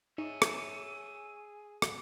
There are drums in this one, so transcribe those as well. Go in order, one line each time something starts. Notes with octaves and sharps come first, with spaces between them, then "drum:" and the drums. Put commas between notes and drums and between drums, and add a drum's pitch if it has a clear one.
D#4 G#4 C#5 E5 D#7
drum: rim click
drum: rim click